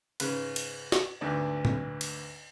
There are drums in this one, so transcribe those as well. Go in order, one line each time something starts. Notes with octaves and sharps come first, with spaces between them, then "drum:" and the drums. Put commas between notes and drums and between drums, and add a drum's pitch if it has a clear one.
G#2 C#3 B4, drum: cymbal
drum: cymbal
drum: snare
G#1 D2 G#2 B3 D4 A5
drum: tom A#2
drum: cymbal